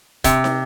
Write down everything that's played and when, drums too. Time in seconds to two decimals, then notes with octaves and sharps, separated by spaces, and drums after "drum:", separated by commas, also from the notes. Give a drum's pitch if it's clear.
0.24 C3, drum: kick, hi-hat
0.44 drum: snare